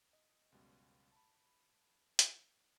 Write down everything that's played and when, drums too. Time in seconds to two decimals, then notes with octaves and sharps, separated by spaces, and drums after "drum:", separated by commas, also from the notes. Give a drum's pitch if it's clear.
0.13 D#5
0.52 C#2 F#2 B2 G3
1.12 A5 B5
2.19 drum: hi-hat